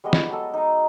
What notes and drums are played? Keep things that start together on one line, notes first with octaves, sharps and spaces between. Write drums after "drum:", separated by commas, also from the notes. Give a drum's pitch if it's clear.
G3 G#3 B3 D#5
drum: snare
F#3 G#3 A4
D#4 A#5